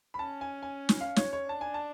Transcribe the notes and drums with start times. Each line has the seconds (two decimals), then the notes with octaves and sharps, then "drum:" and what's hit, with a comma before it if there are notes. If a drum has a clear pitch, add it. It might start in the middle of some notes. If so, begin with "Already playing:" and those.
0.14 B5
0.19 C#4 A5
0.41 G#5
0.63 G#5
0.89 drum: snare
1.01 F5
1.16 C#5, drum: snare
1.33 C#5
1.49 D4 A5
1.61 G#5
1.74 A5